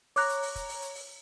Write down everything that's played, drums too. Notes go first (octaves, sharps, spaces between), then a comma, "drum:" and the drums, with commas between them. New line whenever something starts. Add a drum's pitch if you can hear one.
C#5 A#5 D6 F#6, drum: open hi-hat
drum: hi-hat
drum: open hi-hat
drum: kick, hi-hat
drum: open hi-hat
drum: hi-hat
drum: open hi-hat